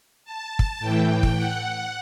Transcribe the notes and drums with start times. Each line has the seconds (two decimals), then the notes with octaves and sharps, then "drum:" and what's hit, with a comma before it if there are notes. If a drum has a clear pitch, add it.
0.24 A5
0.59 drum: kick
0.79 A2 E3 G5
1.23 drum: kick
1.35 F#5